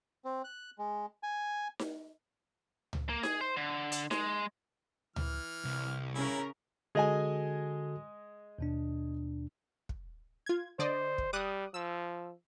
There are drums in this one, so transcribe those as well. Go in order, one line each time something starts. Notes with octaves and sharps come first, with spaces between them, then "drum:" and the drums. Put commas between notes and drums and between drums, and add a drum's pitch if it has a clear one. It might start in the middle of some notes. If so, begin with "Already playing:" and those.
C4
F#6
G#3
G#5
drum: snare D#4
drum: tom C#2
A#3
G#4, drum: snare D#4
C5
D3
drum: hi-hat
G#3, drum: snare D#4
E3 F6, drum: tom C#2
C2
C#3 C#4 E4 A#4
D3 G#3 F#4 A4 D#5 G#5
D#2 B2 D4
drum: kick
F4 G#6
D3 C5 D5 D#5
drum: kick
G3 D6 D#6 F#6
F3 E6